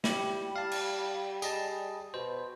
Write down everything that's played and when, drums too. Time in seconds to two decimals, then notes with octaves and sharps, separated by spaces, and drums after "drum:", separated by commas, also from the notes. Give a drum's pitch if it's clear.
0.04 G3 E4 G4, drum: snare
0.56 F5 A5
0.71 drum: cymbal
1.42 G#4 D#5 A5, drum: tambourine
2.14 B2 C5